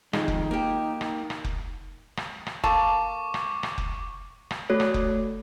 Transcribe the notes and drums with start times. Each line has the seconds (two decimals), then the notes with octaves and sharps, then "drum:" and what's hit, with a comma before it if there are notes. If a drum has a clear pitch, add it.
0.13 F2 D#3 G#3 D#4, drum: rim click
0.28 drum: kick F1
0.51 A#3 G4
1.01 drum: rim click
1.30 drum: rim click
1.44 drum: kick F1
2.17 drum: rim click
2.46 drum: rim click
2.64 A#3 A4 A5 C#6 D6, drum: kick F1
3.34 drum: rim click
3.63 drum: rim click
3.78 drum: kick F1
4.51 drum: rim click
4.70 A3 F#4 A4 C#5
4.80 drum: rim click
4.94 drum: kick F1